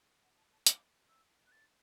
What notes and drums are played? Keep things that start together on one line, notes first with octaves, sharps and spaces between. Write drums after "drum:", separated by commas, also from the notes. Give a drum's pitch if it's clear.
F#5
A5
A5
D6, drum: hi-hat
E6
F#6
A6